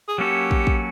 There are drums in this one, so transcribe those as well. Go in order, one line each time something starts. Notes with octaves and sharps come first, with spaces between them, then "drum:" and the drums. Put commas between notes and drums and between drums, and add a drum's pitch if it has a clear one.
G#4
F#3 A#3 C#4 F#4 G4 A4
drum: kick
drum: kick